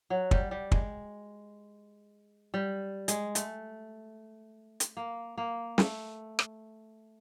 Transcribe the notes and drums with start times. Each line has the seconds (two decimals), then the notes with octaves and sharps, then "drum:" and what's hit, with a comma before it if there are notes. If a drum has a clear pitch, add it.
0.10 F#3
0.31 G3, drum: kick
0.51 G3
0.72 G#3, drum: kick
2.54 G3
3.08 G#3, drum: hi-hat
3.35 A3, drum: hi-hat
4.80 drum: hi-hat
4.97 A#3
5.38 A#3
5.78 A3, drum: snare
6.39 drum: rim click